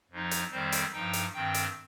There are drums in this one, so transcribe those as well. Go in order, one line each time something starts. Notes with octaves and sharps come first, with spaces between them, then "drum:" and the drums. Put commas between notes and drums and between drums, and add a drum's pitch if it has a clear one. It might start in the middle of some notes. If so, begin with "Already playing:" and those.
F2 F3 D#4
drum: hi-hat
F2 D#3 G3 C4 C5
drum: hi-hat
G2 F3 D#4 G5
drum: hi-hat
G2 D#3 C4 G5
drum: hi-hat